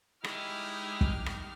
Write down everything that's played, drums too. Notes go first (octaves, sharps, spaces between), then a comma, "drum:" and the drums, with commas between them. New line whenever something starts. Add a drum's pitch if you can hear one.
D#4 E4 G4 G#4 D#5 F6, drum: rim click
drum: kick
drum: rim click